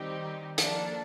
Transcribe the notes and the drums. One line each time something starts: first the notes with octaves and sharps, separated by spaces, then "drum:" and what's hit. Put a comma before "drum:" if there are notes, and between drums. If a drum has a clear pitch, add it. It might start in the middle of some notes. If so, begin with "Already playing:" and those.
Already playing: D#3 G3 C4 D#4 G4
F3 A#3 D4 A4, drum: hi-hat